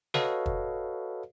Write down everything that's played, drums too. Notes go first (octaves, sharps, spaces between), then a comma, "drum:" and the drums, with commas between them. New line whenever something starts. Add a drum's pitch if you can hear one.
F#4 A4 B4 C#5 D#5 F5, drum: snare
drum: kick